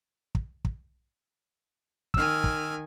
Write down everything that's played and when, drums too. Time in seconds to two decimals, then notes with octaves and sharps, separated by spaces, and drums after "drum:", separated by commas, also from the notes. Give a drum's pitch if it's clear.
0.35 drum: kick
0.65 drum: kick
2.14 D#3 G#5 E6 F6, drum: kick
2.44 drum: kick